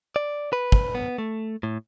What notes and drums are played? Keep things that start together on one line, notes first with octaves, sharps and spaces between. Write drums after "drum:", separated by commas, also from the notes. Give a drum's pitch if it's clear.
D5
B4
drum: kick
B3
A3
A2